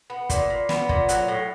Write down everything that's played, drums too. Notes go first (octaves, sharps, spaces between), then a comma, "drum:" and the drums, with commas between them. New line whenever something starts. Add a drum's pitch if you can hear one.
B3
A#2, drum: kick, hi-hat
A#2
B3, drum: snare
A#2, drum: kick
F#3, drum: hi-hat
A2